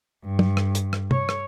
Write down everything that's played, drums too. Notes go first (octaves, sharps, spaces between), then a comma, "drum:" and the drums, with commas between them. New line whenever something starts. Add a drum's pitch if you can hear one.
G2
drum: tom
drum: rim click
drum: hi-hat
drum: rim click
C#5, drum: tom
drum: rim click